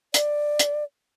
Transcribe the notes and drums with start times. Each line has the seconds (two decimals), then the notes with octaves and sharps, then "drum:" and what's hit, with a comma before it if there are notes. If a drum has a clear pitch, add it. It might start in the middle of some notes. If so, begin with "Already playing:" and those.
0.14 D5, drum: hi-hat
0.59 drum: hi-hat